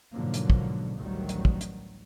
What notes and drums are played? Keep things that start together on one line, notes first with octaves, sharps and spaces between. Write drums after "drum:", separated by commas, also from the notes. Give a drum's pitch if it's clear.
G#2 B2 D3 F3 F#3 A#3
drum: hi-hat
drum: kick
A1 D2 D#3 F#3 G3
drum: hi-hat
drum: kick
drum: hi-hat